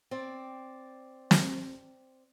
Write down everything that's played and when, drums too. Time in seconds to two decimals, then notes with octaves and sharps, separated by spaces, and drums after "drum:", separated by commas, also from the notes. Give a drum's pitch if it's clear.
0.11 C4 D5
1.31 drum: snare